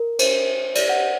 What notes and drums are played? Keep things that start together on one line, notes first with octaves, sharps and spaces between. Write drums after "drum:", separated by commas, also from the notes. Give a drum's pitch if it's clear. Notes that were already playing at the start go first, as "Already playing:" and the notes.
Already playing: A#4
C5, drum: cymbal
D5, drum: cymbal
F#5